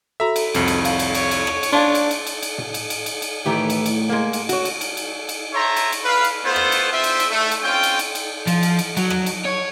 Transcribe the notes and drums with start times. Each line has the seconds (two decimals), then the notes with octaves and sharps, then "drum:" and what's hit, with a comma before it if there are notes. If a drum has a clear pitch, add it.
0.20 F#4 A4 E5 A#5
0.36 drum: cymbal
0.54 C2 F2 C#5, drum: cymbal
0.68 drum: cymbal
0.85 F5, drum: cymbal
0.99 drum: cymbal
1.15 C#5, drum: cymbal
1.31 drum: cymbal
1.47 drum: rim click
1.63 drum: cymbal
1.73 D4 C#5 F5 A5 C6
1.95 drum: cymbal
2.11 drum: cymbal
2.27 drum: cymbal
2.42 drum: cymbal
2.58 drum: tom A2
2.74 drum: cymbal
2.90 drum: cymbal
3.06 drum: cymbal
3.22 drum: cymbal
3.46 A2 D#3 E3 G4
3.70 drum: cymbal
3.86 drum: cymbal
4.09 G#3 A#3
4.33 drum: cymbal
4.49 F#4 C#5, drum: cymbal
4.65 drum: cymbal
4.81 drum: cymbal
4.97 drum: cymbal
5.29 drum: cymbal
5.53 C5 C#5 E5 A5 A#5 C6
5.76 drum: cymbal
5.92 drum: cymbal
6.05 B4 F5
6.24 drum: cymbal
6.44 A3 B3 F4 A4 C5
6.56 drum: rim click
6.72 drum: cymbal
6.92 C4 F4 C5 E5
7.04 drum: cymbal
7.20 drum: cymbal
7.30 A3
7.51 drum: cymbal
7.63 C4 C#4 F4 G5
7.83 drum: cymbal
7.99 drum: cymbal
8.15 drum: cymbal
8.47 F3, drum: cymbal
8.63 drum: cymbal
8.79 drum: cymbal
8.97 F#3, drum: cymbal
9.10 drum: rim click
9.26 drum: cymbal
9.45 C#5